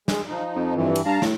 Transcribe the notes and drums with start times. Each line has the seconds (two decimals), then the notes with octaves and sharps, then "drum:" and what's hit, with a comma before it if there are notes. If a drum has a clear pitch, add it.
0.08 G#3, drum: snare
0.29 F3 D#4
0.56 F2
0.75 G2 E3
0.96 drum: cymbal
1.06 G2 F5 A5 A#5
1.22 A2, drum: snare